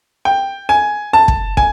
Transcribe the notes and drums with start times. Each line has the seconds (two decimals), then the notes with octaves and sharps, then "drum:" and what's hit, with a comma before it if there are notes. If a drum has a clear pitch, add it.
0.25 G5
0.69 G#5
1.13 A5
1.28 drum: kick
1.57 G#5, drum: kick